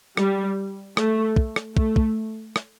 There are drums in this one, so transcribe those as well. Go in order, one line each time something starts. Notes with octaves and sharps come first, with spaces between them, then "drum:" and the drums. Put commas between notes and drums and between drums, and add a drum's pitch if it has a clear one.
G3, drum: rim click
A3, drum: rim click
drum: kick
drum: rim click
A3, drum: kick
drum: kick
drum: rim click